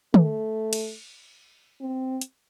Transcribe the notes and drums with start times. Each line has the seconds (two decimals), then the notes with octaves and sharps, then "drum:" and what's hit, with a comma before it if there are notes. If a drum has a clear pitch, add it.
0.14 A3, drum: tom
0.73 drum: cymbal
1.81 C4
2.21 drum: hi-hat